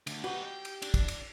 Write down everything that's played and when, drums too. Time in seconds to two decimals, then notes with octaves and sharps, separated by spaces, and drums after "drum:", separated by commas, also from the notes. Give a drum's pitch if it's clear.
0.07 D2, drum: cymbal
0.24 D#4 F#4 G4 B4
0.45 G5
0.65 drum: cymbal
0.82 D4, drum: cymbal
0.94 drum: kick, cymbal
1.08 drum: cymbal